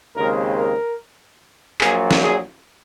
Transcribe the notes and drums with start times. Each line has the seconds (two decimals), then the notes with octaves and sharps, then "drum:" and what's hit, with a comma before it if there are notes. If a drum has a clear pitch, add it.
0.16 D#2 C#3 G#3 C4 A#4
0.57 A#4
1.81 A#1 A#2 F#3 G#4, drum: clap
2.11 drum: snare
2.22 G#4